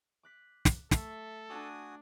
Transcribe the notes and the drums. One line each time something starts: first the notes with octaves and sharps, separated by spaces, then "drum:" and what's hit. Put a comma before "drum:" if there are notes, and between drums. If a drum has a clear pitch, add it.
D6 F#6 B6
drum: snare
A3 A4 E5 A5 A6, drum: snare
D4 F#4 G#5 D#6